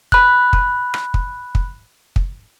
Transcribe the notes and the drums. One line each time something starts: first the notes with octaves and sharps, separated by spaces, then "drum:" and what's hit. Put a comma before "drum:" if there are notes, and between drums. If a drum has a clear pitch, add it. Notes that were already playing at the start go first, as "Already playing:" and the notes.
B5 F#6, drum: kick
drum: kick
drum: rim click
drum: kick
drum: kick
drum: kick